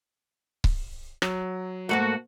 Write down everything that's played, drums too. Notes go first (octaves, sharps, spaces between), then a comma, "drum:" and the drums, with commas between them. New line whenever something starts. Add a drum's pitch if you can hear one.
drum: kick C#1
F#3, drum: rim click
G#2 A3 A#3 F#4